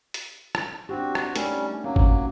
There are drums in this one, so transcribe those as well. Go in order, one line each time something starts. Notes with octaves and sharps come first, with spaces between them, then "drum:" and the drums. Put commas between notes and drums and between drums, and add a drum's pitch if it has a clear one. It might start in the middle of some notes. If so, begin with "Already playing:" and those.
drum: hi-hat
drum: rim click
C4 D4 E4 F#4 G4
drum: rim click
G3 A3 C#4 D#4 A#4, drum: hi-hat
F#3 A#3 C#4
drum: kick G1